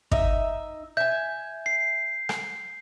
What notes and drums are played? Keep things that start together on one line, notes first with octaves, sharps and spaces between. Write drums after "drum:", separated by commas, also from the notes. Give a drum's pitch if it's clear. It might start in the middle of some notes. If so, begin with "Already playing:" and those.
D#4 E5, drum: kick
E5 G#5 G6
C7
drum: rim click